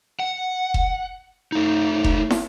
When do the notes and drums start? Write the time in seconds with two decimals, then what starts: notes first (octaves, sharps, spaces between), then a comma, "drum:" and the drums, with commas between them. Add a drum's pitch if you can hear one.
0.19 F#5
0.74 drum: kick F1
1.52 A3 D#4
2.04 drum: kick F1
2.30 drum: snare